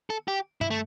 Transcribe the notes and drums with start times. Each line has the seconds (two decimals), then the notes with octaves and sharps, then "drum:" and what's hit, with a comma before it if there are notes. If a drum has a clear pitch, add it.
0.10 A4
0.28 G4
0.61 E4, drum: tom G2
0.70 A3